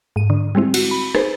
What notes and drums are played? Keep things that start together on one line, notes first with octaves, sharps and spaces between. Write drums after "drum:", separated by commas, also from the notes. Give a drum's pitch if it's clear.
G#2 D#7
D3
G3 G#3 C4 E4
F#4, drum: cymbal
B5
D#4 G#4 B4 C5, drum: rim click